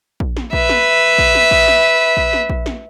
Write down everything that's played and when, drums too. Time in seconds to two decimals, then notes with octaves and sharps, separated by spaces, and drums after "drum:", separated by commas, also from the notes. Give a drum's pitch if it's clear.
0.20 drum: kick A#1
0.37 drum: snare
0.53 B4 E5, drum: kick A#1
0.69 drum: snare
1.18 drum: kick A#1
1.35 drum: snare
1.51 drum: kick A#1
1.68 drum: snare
2.17 drum: kick A#1
2.33 drum: snare
2.50 drum: kick A#1
2.66 drum: snare